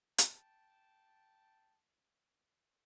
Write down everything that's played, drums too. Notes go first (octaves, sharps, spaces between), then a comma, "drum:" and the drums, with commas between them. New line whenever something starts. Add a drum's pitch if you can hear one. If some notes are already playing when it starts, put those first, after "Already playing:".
G5 A5, drum: hi-hat